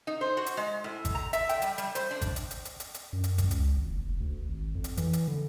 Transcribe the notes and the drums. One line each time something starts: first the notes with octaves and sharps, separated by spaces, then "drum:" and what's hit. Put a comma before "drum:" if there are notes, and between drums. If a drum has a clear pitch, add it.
D#4
C5
F#4
drum: hi-hat
G#3
A2
drum: kick G#1, hi-hat
A#5
E5, drum: hi-hat
G5, drum: hi-hat
G3, drum: hi-hat
G3, drum: hi-hat
C5, drum: hi-hat
D4
drum: kick G#1, hi-hat
drum: hi-hat
drum: hi-hat
drum: hi-hat
drum: hi-hat
drum: hi-hat
F#2
drum: hi-hat
drum: kick G#1, hi-hat
C#2, drum: hi-hat
G#1
F#1
F1
D2
G#1
F2
drum: hi-hat
E3, drum: hi-hat
drum: hi-hat
D3